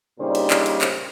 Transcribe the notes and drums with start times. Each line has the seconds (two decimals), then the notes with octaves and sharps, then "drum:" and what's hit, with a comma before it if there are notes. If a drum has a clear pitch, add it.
0.19 A#2 C#3 G3 D4 D#4 C5
0.35 drum: cymbal
0.50 drum: clap
0.66 drum: cymbal
0.81 drum: clap